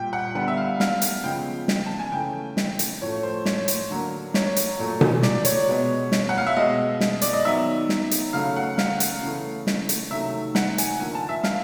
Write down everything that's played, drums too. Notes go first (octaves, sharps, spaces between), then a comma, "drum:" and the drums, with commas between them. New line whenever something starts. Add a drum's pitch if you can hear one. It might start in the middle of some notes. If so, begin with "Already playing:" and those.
Already playing: A#2 G3 G5
F#5
D3 G3 B3 F#5
E5
F5
F5, drum: snare
drum: hi-hat
C#3 F3 G#3 B3 G5
drum: snare
A5
G#5
C#3 E3 A3 G5
drum: snare
drum: hi-hat
A2 F3 A3 C#5
C5
C#5, drum: snare
drum: hi-hat
D3 F#3 A#3
C#5, drum: snare
drum: hi-hat
A#2 F#3 A3
drum: tom B2
D5, drum: snare
C#5, drum: hi-hat
B2 G#3 B3
drum: snare
F#5
F5
E5
B2 G#3 B3 D#5
drum: snare
D5, drum: hi-hat
D#5
D#3 F#3 B3 E5
drum: snare
drum: hi-hat
C#3 F#3 A3 F5
F#5
F5, drum: snare
drum: hi-hat
C#3 E3 A3
drum: snare
drum: hi-hat
C3 D#3 F#3 A3 E5
F#5, drum: snare
G#5, drum: hi-hat
D3 F3 A#3 G#5
A5
E5
F5, drum: snare